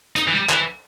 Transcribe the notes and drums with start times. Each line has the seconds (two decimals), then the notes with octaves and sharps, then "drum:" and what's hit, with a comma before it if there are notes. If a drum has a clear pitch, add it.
0.16 D#4, drum: hi-hat
0.27 E3
0.32 G3
0.50 E3, drum: clap